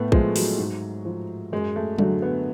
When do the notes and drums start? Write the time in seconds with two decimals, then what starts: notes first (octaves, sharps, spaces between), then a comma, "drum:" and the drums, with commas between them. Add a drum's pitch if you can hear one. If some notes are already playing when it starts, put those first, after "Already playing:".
Already playing: A2 A3 B3
0.12 F3 G#3, drum: kick
0.36 F#3, drum: open hi-hat
0.58 G#2
1.05 F3
1.52 F#2 G#3
1.76 A3
1.99 D3 F#3 A3, drum: tom F#3
2.22 B3